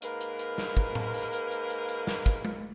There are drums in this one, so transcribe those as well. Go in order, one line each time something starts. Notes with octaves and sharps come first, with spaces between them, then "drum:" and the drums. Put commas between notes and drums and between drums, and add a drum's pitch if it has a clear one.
G#2 A#3 A#4 B4, drum: hi-hat
drum: hi-hat
drum: hi-hat
drum: snare
drum: kick
drum: tom A2
drum: hi-hat
drum: hi-hat
drum: hi-hat
drum: hi-hat
drum: hi-hat
drum: snare
drum: kick, hi-hat
drum: tom G#3